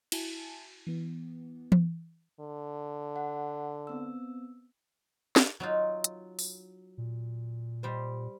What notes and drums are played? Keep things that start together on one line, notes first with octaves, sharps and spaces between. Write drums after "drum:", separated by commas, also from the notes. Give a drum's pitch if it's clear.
E4 F#4 G#5 A5, drum: cymbal
E3 B3
drum: tom E3
D3
F#5
B3 C4 E6
drum: snare
F#3 D#4 F4
drum: hi-hat
drum: open hi-hat
A#2
G3 C5